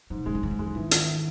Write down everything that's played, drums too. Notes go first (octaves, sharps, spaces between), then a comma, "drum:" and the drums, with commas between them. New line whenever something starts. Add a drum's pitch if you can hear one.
G#2 E3
C3
C#3 G#3
D3
G#2 D#3
E3
D#3 G#3
D3
D#3 E3
D2, drum: hi-hat